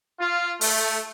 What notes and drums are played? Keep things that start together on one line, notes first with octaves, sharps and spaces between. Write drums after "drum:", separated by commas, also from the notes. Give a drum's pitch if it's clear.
F4
A3, drum: open hi-hat